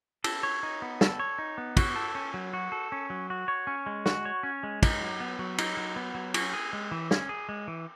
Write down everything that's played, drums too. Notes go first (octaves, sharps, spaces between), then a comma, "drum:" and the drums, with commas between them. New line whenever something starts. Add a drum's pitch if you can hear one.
A4, drum: cymbal
C#5
D#4
B3
A4, drum: snare
C#5
D#4
B3
F#4, drum: kick, cymbal
A4
C#4
F#3
F#4
A4
C#4
F#3
F#4
C#5
C#4
G#3
F#4, drum: snare
C#5
C#4
G#3
D#4, drum: kick, cymbal
F#3
B3
F#3
D#4, drum: cymbal
F#3
B3
F#3
C#4, drum: cymbal
G#4
G#3
E3
C#4, drum: snare
G#4
G#3
E3